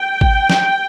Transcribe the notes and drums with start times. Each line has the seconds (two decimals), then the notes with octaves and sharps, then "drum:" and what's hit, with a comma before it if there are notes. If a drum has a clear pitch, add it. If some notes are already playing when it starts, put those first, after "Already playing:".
Already playing: G5
0.21 drum: kick G#1
0.50 drum: snare